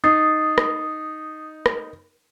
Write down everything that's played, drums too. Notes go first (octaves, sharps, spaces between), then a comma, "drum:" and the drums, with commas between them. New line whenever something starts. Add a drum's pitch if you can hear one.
D#4 D#6 A6 C7
drum: rim click
drum: rim click